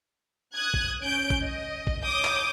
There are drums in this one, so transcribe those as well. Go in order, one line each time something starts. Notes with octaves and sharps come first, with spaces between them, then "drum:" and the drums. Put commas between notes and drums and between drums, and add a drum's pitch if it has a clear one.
D#6 F#6 G#6
drum: kick
C#4 G6 D7
drum: kick
D#5
drum: kick
C#5 D6 D#6 G6
drum: clap